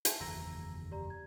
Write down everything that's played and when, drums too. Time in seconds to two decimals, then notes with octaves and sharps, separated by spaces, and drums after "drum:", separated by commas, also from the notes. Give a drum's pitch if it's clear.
0.05 E5 G#5 A5, drum: hi-hat
0.20 F#1 E2 D#3 A#5 E6 A#6
0.91 G4 D5 A#5
1.10 G#6